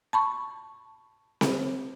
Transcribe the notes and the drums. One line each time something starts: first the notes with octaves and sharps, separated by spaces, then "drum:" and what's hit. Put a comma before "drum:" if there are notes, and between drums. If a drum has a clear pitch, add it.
A5 B5 C#6
drum: snare C4